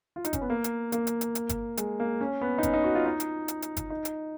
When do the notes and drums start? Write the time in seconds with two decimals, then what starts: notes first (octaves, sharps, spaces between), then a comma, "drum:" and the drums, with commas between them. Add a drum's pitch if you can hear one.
0.16 F4
0.25 D#4, drum: hi-hat
0.33 C#4, drum: kick G1, hi-hat
0.41 B3
0.50 A#3
0.64 drum: hi-hat
0.92 A#3, drum: hi-hat
1.07 drum: hi-hat
1.21 drum: hi-hat
1.35 drum: hi-hat
1.49 drum: kick G1, hi-hat
1.77 G#3, drum: hi-hat
2.00 A#3
2.21 C#4
2.41 B3
2.58 D#4
2.63 C#4, drum: kick G1, hi-hat
2.73 D#4
2.84 F#4
2.95 F4
3.06 D#4
3.20 drum: hi-hat
3.48 drum: hi-hat
3.62 drum: hi-hat
3.77 drum: kick G1, hi-hat
3.90 D#4
4.05 drum: hi-hat